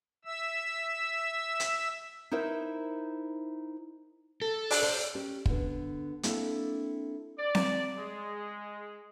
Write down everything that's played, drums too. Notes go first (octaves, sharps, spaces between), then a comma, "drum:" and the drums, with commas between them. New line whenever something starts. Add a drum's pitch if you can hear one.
E5 E6
drum: hi-hat
D#4 E4 A#4 C5 E5
A4
D4, drum: open hi-hat
C5
C#4 G4 C#5
D3 B3, drum: kick
A#3 C4 D4 E4 A4, drum: hi-hat
D5
drum: snare C4
G#3